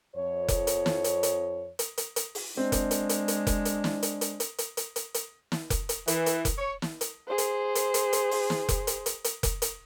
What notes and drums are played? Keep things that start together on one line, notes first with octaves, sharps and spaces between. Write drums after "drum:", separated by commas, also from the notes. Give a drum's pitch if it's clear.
F2 C#5
drum: kick F1, hi-hat
drum: hi-hat
drum: snare
drum: hi-hat
drum: hi-hat
drum: hi-hat
drum: hi-hat
drum: hi-hat
drum: open hi-hat
G#3 C4 D4
drum: kick F1, hi-hat
drum: hi-hat
drum: hi-hat
drum: hi-hat
drum: kick F1, hi-hat
drum: hi-hat
drum: snare
drum: hi-hat
drum: hi-hat
drum: hi-hat
drum: hi-hat
drum: hi-hat
drum: hi-hat
drum: hi-hat
drum: snare
drum: kick F1, hi-hat
drum: hi-hat
E3, drum: hi-hat
drum: hi-hat
drum: kick F1, hi-hat
C#5
drum: snare
drum: hi-hat
G#4 C5
drum: hi-hat
drum: hi-hat
drum: hi-hat
drum: hi-hat
drum: open hi-hat
drum: snare
drum: kick F1, hi-hat
drum: hi-hat
drum: hi-hat
drum: hi-hat
drum: kick F1, hi-hat
drum: hi-hat